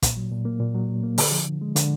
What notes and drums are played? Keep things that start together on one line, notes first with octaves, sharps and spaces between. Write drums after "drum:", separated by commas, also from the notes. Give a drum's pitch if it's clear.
A#2, drum: kick, hi-hat
F#3
A#2
A#3
A#2
F#3
A#2
A#3
D3, drum: open hi-hat
F3
D3
G#3
D3, drum: hi-hat